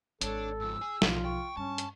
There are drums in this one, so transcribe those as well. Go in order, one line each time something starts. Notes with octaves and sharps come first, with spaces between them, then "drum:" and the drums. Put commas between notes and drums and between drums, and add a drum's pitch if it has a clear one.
G#1 D4 A4 C#5, drum: hi-hat
G#2 F3 E6
G#4
B1 A2 E3 F3 F4, drum: snare
G5 C#6
G2 C#4 A5
drum: hi-hat